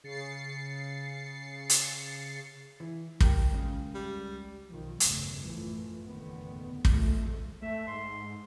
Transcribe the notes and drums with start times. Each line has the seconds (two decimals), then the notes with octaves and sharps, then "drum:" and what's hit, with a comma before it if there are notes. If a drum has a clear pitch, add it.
0.04 C#3 A6 C7 C#7
1.70 drum: hi-hat
2.80 E3
3.20 A#3 G4, drum: kick
3.52 C#2 C#3
3.95 G3
4.69 B1 D#3 F3
5.00 F#1 E2 G2 C#3 A3, drum: hi-hat
5.40 A1 F#2 E3 F3 A3
6.06 F#1 E2 A2 D3 D#3 B3
6.85 A1 F2 F3 G#3 A3, drum: kick
7.62 A3 E5
7.87 G#2 C6